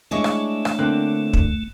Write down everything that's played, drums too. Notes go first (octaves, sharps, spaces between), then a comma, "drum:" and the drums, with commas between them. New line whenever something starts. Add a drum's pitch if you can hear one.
G#3 A3 D4 E4 C#5 D#5
drum: rim click
drum: rim click
D3 A#3 C4 F#6
drum: kick